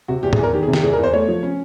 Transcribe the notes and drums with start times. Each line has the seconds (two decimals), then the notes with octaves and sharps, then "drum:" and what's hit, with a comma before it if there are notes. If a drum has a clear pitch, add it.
0.08 C3 F#4
0.23 E2 G4
0.33 G#4, drum: tom
0.38 E2
0.43 A#4
0.53 D#3 G4
0.63 G#4
0.68 C3
0.73 G4, drum: snare
0.83 E2 G#4
0.93 A#4
0.98 E2
1.03 C5
1.13 A3 C#5
1.28 F3
1.43 C#4